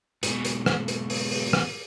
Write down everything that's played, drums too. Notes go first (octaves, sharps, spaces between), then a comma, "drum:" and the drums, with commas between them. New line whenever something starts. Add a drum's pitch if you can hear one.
G#2 B2, drum: hi-hat
drum: hi-hat
drum: rim click
drum: hi-hat
drum: open hi-hat
drum: open hi-hat
drum: rim click